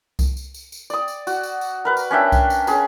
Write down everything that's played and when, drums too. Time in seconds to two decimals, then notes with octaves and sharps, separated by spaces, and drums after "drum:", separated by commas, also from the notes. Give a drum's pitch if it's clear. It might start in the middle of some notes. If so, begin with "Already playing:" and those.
0.19 drum: kick C2, tambourine
0.37 drum: tambourine
0.54 drum: tambourine
0.72 drum: tambourine
0.90 D5 D#6, drum: tambourine
1.08 drum: tambourine
1.27 F#4, drum: tambourine
1.43 drum: tambourine
1.61 drum: tambourine
1.85 A#4 B4 A#5
1.97 drum: tambourine
2.11 C#4 D4 E5 G5
2.32 drum: kick C2, tambourine
2.50 drum: tambourine
2.67 C#4 G#4 A#5, drum: tambourine